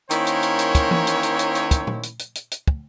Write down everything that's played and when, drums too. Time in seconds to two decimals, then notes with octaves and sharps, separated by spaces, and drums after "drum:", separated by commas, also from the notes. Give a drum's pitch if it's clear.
0.11 D#3 A#3 C#4 E4 C5 C#5, drum: hi-hat
0.27 drum: hi-hat
0.43 drum: hi-hat
0.59 drum: hi-hat
0.75 drum: kick, hi-hat
0.91 drum: tom E3
1.07 drum: hi-hat
1.23 drum: hi-hat
1.39 drum: hi-hat
1.55 drum: hi-hat
1.71 drum: kick, hi-hat
1.87 drum: tom A#2
2.03 drum: hi-hat
2.19 drum: hi-hat
2.35 drum: hi-hat
2.51 drum: hi-hat
2.68 drum: kick